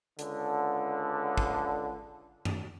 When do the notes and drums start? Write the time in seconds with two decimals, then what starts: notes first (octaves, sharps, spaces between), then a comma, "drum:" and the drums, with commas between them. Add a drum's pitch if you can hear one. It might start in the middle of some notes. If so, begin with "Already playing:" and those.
0.19 C#2 D3, drum: hi-hat
1.38 drum: kick
2.45 drum: tom F#2